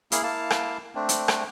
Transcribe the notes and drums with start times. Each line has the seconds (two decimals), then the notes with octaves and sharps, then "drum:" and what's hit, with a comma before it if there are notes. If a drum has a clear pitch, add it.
0.12 A#3 E4 G#4 F5, drum: hi-hat
0.23 A#3 E4 F5 A5
0.50 drum: rim click
0.95 A3 C4 D4
1.09 drum: hi-hat
1.28 drum: rim click